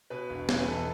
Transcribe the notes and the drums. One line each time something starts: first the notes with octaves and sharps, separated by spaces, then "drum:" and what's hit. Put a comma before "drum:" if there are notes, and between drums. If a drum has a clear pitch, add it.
B2 B4
E1
E2, drum: snare
B4
E1 A4